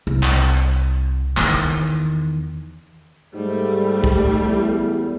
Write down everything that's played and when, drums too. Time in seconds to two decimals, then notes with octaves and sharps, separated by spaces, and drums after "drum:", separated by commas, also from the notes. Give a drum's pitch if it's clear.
0.07 C2
0.23 drum: clap
1.37 E2 D#3, drum: clap
3.35 G#2 G3 A3
4.04 drum: kick
4.44 E2